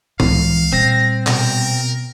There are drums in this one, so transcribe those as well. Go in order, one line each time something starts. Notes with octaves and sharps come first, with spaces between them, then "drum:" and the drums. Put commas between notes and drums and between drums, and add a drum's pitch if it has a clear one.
C#2 E3 F5, drum: tom
A#2 G3 C4 A#6
B2 A#4, drum: clap